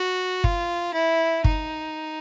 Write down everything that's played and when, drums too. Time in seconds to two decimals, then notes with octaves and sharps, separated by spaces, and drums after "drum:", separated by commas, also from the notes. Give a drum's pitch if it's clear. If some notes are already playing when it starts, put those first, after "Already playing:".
Already playing: F#4
0.44 F4, drum: kick
0.93 E4
1.44 D#4, drum: kick